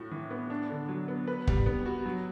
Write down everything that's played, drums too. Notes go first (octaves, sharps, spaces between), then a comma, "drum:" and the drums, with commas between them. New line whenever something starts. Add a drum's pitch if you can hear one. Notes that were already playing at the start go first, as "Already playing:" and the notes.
Already playing: A2 F#4
E3
B3
D4
D3
F#3
B3
B4
G3, drum: kick
B3
F#4
F#3